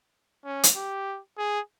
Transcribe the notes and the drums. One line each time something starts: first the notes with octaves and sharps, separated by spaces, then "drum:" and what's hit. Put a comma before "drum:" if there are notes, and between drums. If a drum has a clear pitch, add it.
C#4
drum: hi-hat
G4
G#4